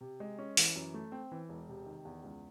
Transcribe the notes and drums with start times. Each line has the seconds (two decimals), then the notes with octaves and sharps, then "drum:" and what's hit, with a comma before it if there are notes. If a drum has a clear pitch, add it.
0.01 C3
0.20 G#3
0.38 C#4
0.57 E3, drum: open hi-hat
0.76 F#2
0.94 A3
1.12 C4
1.32 E3
1.49 E1
1.69 C3
1.86 D#3
2.05 E2
2.24 C#2